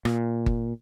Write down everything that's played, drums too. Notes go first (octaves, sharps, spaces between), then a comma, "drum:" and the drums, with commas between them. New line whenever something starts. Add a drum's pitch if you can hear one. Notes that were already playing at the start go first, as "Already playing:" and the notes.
A#2, drum: rim click
drum: kick G1